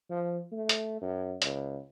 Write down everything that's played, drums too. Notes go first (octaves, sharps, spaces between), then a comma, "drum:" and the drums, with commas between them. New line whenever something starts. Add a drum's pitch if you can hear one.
F3
A3
drum: hi-hat
F#2
C#2, drum: hi-hat